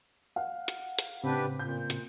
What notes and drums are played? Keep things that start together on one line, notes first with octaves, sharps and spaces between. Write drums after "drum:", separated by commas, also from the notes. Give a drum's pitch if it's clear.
F5 F#5
drum: hi-hat
drum: hi-hat
A2 C#3 C4 D4 G4 B4
A#2 G6
drum: hi-hat